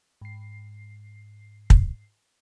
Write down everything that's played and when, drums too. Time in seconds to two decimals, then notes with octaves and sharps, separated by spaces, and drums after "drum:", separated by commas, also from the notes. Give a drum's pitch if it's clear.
0.21 G#2 C7
1.70 drum: kick